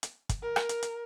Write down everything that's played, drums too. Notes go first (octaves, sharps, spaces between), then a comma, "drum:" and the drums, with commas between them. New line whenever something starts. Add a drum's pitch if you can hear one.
drum: hi-hat
drum: kick, hi-hat
A#4
drum: rim click
drum: hi-hat
drum: hi-hat